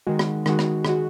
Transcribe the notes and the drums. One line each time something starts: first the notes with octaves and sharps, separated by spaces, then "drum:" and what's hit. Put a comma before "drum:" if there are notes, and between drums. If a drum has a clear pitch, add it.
D#3 G#3 F#4
drum: rim click
D#3 G#3 F#4, drum: rim click
drum: rim click
D#3 G#3 F#4, drum: rim click